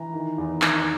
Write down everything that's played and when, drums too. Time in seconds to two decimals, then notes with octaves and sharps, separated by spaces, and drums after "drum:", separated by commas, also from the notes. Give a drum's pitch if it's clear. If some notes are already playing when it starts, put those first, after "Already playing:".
Already playing: E3 A#5
0.14 D#3
0.38 E2
0.62 D#3, drum: clap